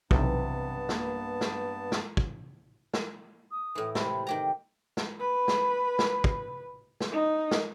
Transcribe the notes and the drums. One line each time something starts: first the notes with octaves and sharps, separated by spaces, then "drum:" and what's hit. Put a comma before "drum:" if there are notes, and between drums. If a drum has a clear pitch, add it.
B1 G2 C3 E3 B3 A5, drum: kick
A#3, drum: snare
drum: snare
drum: snare
drum: kick
drum: snare
D#6
A2 E3
C3 B5, drum: snare
D#3 G4 G5 A#5
drum: snare
B4
drum: snare
drum: snare
drum: kick
drum: snare
D#4
drum: snare